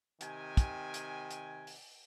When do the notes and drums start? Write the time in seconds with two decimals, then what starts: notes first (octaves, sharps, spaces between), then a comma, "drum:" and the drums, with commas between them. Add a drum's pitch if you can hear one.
0.21 C3 D#3 G5 G#5, drum: hi-hat
0.57 drum: kick, hi-hat
0.94 drum: hi-hat
1.31 drum: hi-hat
1.67 drum: open hi-hat